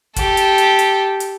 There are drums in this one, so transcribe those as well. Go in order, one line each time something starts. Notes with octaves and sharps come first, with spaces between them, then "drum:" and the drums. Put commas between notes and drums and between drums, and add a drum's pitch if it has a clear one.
G4 A4, drum: kick, hi-hat
drum: hi-hat
drum: hi-hat
drum: hi-hat
drum: hi-hat